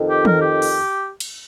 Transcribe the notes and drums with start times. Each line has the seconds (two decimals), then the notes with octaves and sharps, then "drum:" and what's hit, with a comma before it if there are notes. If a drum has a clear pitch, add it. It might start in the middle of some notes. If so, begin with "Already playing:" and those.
Already playing: F2 D#3
0.09 G4
0.25 A#4, drum: tom
0.41 G4
0.62 drum: open hi-hat
1.20 drum: cymbal